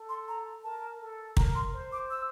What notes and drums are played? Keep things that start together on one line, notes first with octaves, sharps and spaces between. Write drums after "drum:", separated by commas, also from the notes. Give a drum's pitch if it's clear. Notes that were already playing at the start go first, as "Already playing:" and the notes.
Already playing: A4
C6
A#5
A#4 A5
A4
A#4 A#5, drum: kick
C6
C5
D6
E6